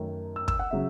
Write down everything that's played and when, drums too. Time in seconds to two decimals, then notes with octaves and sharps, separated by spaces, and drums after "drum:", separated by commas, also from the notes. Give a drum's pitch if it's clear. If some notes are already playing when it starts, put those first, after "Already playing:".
Already playing: F#2 D#3 A3
0.36 E6
0.48 E6, drum: kick
0.59 F#5
0.71 C#3 F#3 E5